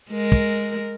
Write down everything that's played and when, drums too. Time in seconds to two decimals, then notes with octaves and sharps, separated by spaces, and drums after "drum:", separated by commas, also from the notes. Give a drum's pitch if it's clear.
0.11 G#3 A#4
0.32 drum: kick